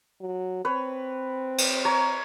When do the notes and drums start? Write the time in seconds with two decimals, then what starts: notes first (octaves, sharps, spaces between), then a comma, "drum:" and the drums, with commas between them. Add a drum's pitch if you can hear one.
0.21 F#3
0.65 C4 B4 C#5
1.58 drum: cymbal
1.85 C#5 A#5